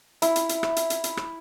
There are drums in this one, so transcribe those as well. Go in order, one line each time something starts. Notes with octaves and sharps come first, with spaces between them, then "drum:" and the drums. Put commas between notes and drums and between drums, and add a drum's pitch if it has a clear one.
E4, drum: hi-hat
drum: hi-hat
drum: hi-hat
drum: rim click
drum: hi-hat
drum: hi-hat
drum: hi-hat
drum: rim click